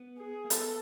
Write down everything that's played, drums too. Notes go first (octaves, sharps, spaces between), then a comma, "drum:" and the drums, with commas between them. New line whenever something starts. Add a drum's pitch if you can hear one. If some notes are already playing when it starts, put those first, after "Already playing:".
Already playing: B3
G#4
A#3
B3 A4, drum: hi-hat